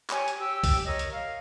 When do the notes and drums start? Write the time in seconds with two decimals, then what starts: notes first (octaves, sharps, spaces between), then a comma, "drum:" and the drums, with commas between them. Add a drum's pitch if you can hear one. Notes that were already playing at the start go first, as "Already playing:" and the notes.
0.10 G4 C#5 G#5, drum: clap
0.28 drum: hi-hat
0.39 G4 E6
0.64 drum: kick, open hi-hat
0.85 A#4 C#5 D#5
0.99 drum: hi-hat
1.11 F5